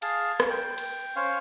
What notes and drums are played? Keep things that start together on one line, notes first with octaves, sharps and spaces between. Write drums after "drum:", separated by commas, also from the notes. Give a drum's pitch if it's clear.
G#4 F5 A5, drum: cymbal
drum: rim click
G5
drum: cymbal
C#4 C5 C#5 F5